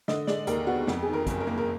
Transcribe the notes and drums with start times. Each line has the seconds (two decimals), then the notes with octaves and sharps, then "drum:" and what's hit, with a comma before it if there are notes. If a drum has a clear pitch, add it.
0.08 D3 D#5, drum: snare
0.27 G#3 D5, drum: snare
0.47 D#2 A#4, drum: hi-hat
0.67 B3 F#4
0.87 F2, drum: snare
1.03 G#4
1.08 D#3
1.13 A#4
1.27 F#1, drum: kick, hi-hat
1.40 A#4
1.47 A#3
1.58 A#4